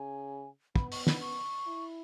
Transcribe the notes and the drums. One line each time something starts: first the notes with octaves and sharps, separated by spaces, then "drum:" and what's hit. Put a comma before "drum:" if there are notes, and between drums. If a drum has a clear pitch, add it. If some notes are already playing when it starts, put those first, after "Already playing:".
Already playing: C#3 G#5
B3 B5, drum: kick
C#6, drum: open hi-hat
B5, drum: snare
C#6
E4